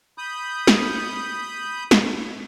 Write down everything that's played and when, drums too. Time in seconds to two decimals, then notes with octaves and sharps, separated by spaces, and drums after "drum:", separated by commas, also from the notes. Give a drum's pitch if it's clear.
0.18 B5 D#6 G6
0.67 drum: snare
1.91 drum: snare